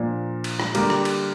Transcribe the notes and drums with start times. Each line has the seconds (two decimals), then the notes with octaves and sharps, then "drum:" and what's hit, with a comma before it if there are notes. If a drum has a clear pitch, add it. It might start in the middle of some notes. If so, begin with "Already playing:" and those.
Already playing: A#2 F3 D4 A#4
0.44 drum: cymbal
0.60 drum: rim click
0.75 D3 G3 A#3 G4 A#4, drum: cymbal
0.90 drum: rim click
1.05 drum: cymbal